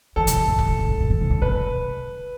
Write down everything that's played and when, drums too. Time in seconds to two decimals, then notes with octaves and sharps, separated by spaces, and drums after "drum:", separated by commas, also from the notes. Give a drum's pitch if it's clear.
0.16 E3 A4
0.27 B2, drum: hi-hat
0.37 C3
0.48 D3
0.59 drum: kick
0.79 C3
0.89 D3
1.00 C3
1.10 D3
1.21 C3
1.31 D3
1.42 C3 B4